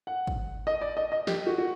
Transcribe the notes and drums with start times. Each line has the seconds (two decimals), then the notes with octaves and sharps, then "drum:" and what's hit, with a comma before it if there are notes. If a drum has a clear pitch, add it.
0.07 F#5
0.27 drum: kick
0.67 D#5
0.81 D5
0.97 D#5
1.12 D#5
1.27 G4, drum: snare
1.47 F#4
1.58 F#4